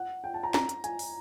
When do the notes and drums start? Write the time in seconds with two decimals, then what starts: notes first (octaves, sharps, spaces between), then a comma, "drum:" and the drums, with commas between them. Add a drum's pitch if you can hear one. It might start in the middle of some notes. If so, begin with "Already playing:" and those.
Already playing: F#5
0.24 G5
0.34 A5
0.44 A#5
0.54 A#5, drum: snare
0.69 drum: hi-hat
0.84 G#5, drum: hi-hat
0.99 drum: open hi-hat